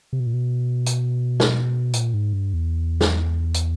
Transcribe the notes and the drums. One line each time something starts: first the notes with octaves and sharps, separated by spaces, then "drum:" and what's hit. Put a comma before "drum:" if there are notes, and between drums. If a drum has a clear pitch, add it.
C3
B2
A#2
B2
drum: hi-hat
drum: snare
A#2, drum: hi-hat
G#2
G2
E2
drum: snare
drum: hi-hat